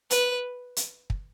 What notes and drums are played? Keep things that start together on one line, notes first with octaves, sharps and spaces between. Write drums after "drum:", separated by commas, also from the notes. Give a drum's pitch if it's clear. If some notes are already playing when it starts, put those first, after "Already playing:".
B4, drum: hi-hat
drum: hi-hat
drum: kick